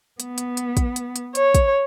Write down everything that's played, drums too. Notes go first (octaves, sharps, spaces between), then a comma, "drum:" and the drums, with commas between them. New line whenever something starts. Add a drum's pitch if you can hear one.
B3, drum: hi-hat
drum: hi-hat
drum: hi-hat
drum: kick, hi-hat
drum: hi-hat
drum: hi-hat
C#5, drum: hi-hat
drum: kick, hi-hat